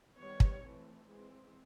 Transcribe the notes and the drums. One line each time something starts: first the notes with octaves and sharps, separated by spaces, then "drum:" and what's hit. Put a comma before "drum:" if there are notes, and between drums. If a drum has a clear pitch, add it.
D#3 G3 B3 C#5
drum: kick
E3 A3 C4
E3 G#3 C4